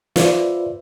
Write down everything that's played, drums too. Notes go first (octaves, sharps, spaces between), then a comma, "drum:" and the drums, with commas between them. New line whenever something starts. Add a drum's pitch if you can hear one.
F4 B4 C5 D5 E5, drum: snare